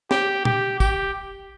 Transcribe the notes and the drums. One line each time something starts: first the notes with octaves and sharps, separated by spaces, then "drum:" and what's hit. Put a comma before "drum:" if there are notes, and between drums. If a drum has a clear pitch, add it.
G4, drum: snare
G4, drum: tom
G4, drum: kick, tambourine